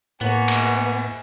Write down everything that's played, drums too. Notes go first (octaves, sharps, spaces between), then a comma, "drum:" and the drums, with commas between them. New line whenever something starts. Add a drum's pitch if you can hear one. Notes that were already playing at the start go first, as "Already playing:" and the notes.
A2 A#3 B3 G#5 C#6
drum: cymbal